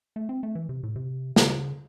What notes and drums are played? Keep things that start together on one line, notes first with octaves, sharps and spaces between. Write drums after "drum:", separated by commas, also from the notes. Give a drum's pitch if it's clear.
A3
C4
A3
E3
C3
A2
C3
C#3, drum: snare